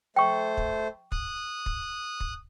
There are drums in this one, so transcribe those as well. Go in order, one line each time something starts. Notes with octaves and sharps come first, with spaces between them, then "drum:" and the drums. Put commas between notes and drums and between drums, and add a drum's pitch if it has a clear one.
A3 C5 G5 C#6
drum: kick
D#6 F#6, drum: kick
drum: kick
drum: kick